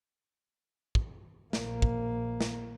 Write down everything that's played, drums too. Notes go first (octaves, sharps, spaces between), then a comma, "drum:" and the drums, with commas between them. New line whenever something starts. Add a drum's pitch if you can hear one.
drum: kick
A#1 A#3, drum: snare
drum: kick
drum: snare